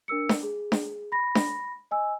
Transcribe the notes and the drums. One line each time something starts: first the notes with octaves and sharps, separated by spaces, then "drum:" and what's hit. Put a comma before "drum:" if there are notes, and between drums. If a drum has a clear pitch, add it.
D4 A#4 E6 C#7
drum: snare D4
G#4
drum: snare D4
B5 A#6
drum: snare D4
D#5 G#5 E6